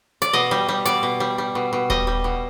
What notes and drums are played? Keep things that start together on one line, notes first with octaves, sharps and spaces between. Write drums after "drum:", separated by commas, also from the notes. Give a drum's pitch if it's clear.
D5, drum: hi-hat
B2 D#5
G3
G3
B2 D5, drum: hi-hat
B2
G3
G3
B2
B2
G3 D#5, drum: kick D#1
G3
B2